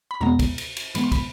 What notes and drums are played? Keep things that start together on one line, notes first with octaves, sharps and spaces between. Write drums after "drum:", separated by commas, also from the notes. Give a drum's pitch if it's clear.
B5
E2 B2 G#3 B3 A#5
drum: kick, cymbal
drum: cymbal
drum: cymbal
G#2 E3 G#3 B3 B5, drum: cymbal
C6
B5, drum: kick, cymbal